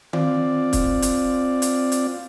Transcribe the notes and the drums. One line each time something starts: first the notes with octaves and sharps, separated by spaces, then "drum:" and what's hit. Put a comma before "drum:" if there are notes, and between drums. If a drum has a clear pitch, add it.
C4 F4 D5, drum: tom D#3
drum: kick, hi-hat
drum: hi-hat
drum: hi-hat
drum: hi-hat